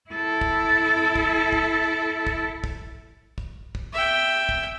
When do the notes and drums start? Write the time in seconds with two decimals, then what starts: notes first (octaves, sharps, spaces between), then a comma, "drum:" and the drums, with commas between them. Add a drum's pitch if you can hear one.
0.10 E4 A4
0.41 drum: kick
1.15 drum: kick
1.53 drum: kick
2.27 drum: kick
2.64 drum: kick
3.38 drum: kick
3.75 drum: kick
3.93 E5 G5
4.49 drum: kick